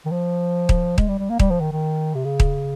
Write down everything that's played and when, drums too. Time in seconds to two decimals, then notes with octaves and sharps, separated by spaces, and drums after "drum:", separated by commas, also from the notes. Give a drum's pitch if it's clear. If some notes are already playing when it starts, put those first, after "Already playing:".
0.05 D#3
0.12 F3
0.69 drum: kick D#1
0.98 G#3, drum: kick D#1
1.08 G3
1.19 G3
1.30 A#3
1.39 G3, drum: kick D#1
1.51 F3
1.61 D#3
1.72 D#3
2.15 C3
2.25 C#3
2.40 drum: kick D#1